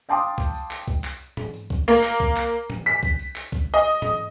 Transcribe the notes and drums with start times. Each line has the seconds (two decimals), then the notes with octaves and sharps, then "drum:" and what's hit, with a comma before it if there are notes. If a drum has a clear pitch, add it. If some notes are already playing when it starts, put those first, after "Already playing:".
0.09 F5 G5 A5 C6 D6 D#6
0.38 drum: kick, tambourine
0.54 drum: tambourine
0.71 drum: clap
0.88 drum: kick, tambourine
1.04 drum: clap
1.21 drum: tambourine
1.37 drum: tom G#2
1.54 drum: tambourine
1.70 drum: kick
1.88 A#3, drum: tambourine
2.03 drum: clap
2.20 drum: kick, tambourine
2.37 drum: clap
2.53 drum: tambourine
2.70 drum: tom G#2
2.86 B6
3.03 drum: kick, tambourine
3.19 drum: tambourine
3.36 drum: clap
3.52 drum: kick, tambourine
3.74 D#5
3.86 drum: tambourine
4.02 drum: tom G#2